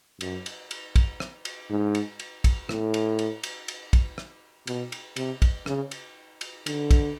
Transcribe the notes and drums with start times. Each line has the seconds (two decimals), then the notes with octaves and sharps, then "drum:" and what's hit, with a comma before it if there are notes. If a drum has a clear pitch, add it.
0.21 F#2, drum: cymbal
0.46 drum: cymbal
0.71 drum: cymbal
0.96 drum: kick, cymbal
1.20 drum: rim click
1.45 drum: cymbal
1.70 G#2
1.95 drum: cymbal
2.20 drum: cymbal
2.44 drum: kick, cymbal
2.69 A2, drum: rim click
2.94 drum: cymbal
3.19 drum: cymbal
3.43 drum: cymbal
3.68 drum: cymbal
3.93 drum: kick, cymbal
4.18 drum: rim click
4.67 B2, drum: cymbal
4.92 drum: cymbal
5.16 C3, drum: cymbal
5.42 drum: kick, cymbal
5.66 C#3, drum: rim click
5.91 drum: cymbal
6.41 drum: cymbal
6.66 D3, drum: cymbal
6.91 drum: kick, cymbal